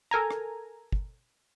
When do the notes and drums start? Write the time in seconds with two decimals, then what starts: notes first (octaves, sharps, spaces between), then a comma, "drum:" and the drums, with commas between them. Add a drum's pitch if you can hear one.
0.11 A4 A#4 G#5 A#5
0.31 drum: rim click
0.92 drum: kick